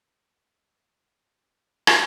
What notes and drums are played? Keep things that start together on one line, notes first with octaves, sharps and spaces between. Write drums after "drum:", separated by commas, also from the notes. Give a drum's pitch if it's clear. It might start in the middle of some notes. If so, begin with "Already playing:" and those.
F#4 A#4
B3
A#3 G#4 A#4 D#5 F5 F#5
G#4 C5 D#5 A5
C5
drum: rim click